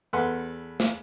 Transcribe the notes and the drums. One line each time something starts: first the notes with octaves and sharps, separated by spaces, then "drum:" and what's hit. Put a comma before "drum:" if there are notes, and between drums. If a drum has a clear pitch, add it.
E2 A4 B4 F#5 C6
drum: snare